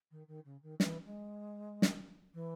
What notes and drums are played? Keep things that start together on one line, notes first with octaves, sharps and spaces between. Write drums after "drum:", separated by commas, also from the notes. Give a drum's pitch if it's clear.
D#3
D#3
C#3
D#3
E3, drum: snare
G#3
drum: snare
E3